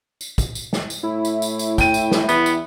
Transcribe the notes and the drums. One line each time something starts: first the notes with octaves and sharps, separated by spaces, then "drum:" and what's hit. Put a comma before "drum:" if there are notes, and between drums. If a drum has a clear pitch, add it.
drum: tambourine
drum: kick, tambourine
drum: tambourine
drum: snare
drum: tambourine
A2 E4
drum: tambourine
drum: tambourine
drum: tambourine
G5 D#7, drum: kick, tambourine
drum: tambourine
drum: snare
E2 B3, drum: tambourine
drum: tambourine